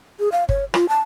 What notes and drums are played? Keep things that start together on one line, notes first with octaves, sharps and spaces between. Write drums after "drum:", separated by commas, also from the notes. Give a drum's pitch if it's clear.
G#4
F5
C#5, drum: kick
F4, drum: rim click
A5